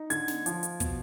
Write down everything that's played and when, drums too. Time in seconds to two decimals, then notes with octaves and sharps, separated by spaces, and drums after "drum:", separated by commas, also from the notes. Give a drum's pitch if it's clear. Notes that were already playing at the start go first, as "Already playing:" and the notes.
Already playing: D#4
0.10 D3 G#6, drum: hi-hat
0.28 drum: snare
0.46 F3, drum: hi-hat
0.63 drum: hi-hat
0.80 B2, drum: kick, hi-hat